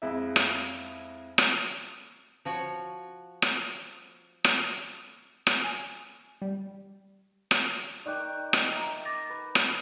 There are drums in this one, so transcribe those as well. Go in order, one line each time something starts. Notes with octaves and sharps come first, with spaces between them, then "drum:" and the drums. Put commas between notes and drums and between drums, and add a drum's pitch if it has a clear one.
F2 G#3 E4 E5
drum: rim click
drum: rim click
F3 F#4 C#5
drum: rim click
drum: rim click
drum: rim click
G#5
G3
drum: rim click
D#3 D5 G5 C#6 D6 F#6
drum: rim click
E5 A#5
D6 A6 A#6
B4
drum: rim click